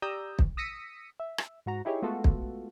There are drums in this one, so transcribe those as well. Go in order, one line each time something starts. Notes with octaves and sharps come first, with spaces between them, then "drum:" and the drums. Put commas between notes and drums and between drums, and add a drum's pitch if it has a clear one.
G4 D5 A#5 D#6 E6 G6
drum: kick
D#6 E6 A#6 B6 C#7 D#7
E5
drum: rim click
G#2 F#4 A#5
D#4 E4 G4 G#4 C#5
G#3 A3 B3 F4 F#4 A4
drum: kick